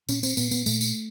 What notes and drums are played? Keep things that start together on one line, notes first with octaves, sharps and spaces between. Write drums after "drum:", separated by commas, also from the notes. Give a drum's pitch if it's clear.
A#2 C#4, drum: tambourine
C4, drum: tambourine
A#2 B3, drum: tambourine
B3, drum: tambourine
A#2 A3, drum: tambourine
drum: tambourine